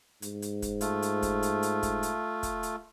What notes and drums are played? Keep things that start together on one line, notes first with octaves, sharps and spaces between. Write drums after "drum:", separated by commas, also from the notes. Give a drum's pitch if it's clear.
G#2, drum: hi-hat
drum: hi-hat
drum: kick, hi-hat
A3 F4, drum: hi-hat
drum: hi-hat
drum: kick, hi-hat
drum: hi-hat
drum: hi-hat
drum: kick, hi-hat
drum: hi-hat
drum: kick, hi-hat
drum: hi-hat